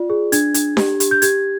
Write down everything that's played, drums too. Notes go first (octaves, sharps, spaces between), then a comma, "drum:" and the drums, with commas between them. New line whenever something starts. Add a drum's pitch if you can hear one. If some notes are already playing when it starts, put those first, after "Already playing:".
Already playing: F4 D5
G#4
D4 G#6, drum: hi-hat
D4, drum: hi-hat
G4, drum: snare D4
G4, drum: hi-hat
G6
G4 G#6, drum: hi-hat